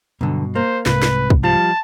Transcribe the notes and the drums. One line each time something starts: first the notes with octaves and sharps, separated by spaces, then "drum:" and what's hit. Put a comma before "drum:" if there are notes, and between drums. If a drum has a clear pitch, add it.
B1 G2 B2 D3
A#3 C5
C2 G#2 C3 B4, drum: snare
drum: snare
drum: kick
F3 G3 F4 A5